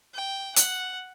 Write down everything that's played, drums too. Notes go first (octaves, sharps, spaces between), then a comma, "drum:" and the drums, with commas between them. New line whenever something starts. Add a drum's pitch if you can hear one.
G5
F#5, drum: hi-hat